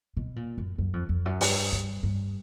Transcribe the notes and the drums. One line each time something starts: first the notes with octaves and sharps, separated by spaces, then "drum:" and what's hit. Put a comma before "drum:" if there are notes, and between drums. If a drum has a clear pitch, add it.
B2
A#2
F#2
F#2
F2
F2
F#2
G2, drum: open hi-hat
G2
G2